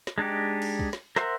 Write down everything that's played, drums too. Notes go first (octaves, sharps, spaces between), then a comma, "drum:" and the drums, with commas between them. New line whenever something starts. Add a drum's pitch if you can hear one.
drum: snare
G#3 D4 D#4 G4
drum: cymbal
drum: kick
drum: snare
A#4 C5 E5 F#5 C6, drum: snare